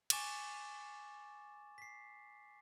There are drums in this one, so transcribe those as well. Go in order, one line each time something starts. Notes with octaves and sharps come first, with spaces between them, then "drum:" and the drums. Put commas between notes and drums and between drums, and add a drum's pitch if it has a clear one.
G#5 C#6 D6 A6 E7, drum: cymbal
B6 C7